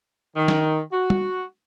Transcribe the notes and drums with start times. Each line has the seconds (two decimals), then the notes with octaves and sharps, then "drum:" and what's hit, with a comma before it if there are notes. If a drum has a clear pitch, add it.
0.36 D#3
0.48 drum: snare
0.92 F#4
1.10 drum: tom